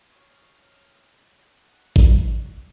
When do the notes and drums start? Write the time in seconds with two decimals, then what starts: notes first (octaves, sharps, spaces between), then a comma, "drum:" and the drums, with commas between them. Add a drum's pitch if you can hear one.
0.12 C#5 D#6 F6 C7
1.53 F#5
1.96 drum: kick
2.19 F#2 F#4 D5